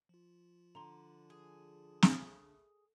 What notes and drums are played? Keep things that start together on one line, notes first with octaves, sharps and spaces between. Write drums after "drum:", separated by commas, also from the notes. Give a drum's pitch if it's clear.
F3 F4
D3 A#5 C6
G#4
drum: snare